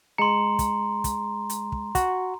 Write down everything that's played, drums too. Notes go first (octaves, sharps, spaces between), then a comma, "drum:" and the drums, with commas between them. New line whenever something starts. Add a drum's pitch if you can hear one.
G#3 A#5 C6 C#7
drum: kick, hi-hat
drum: kick, hi-hat
drum: hi-hat
drum: kick
F#4, drum: kick, hi-hat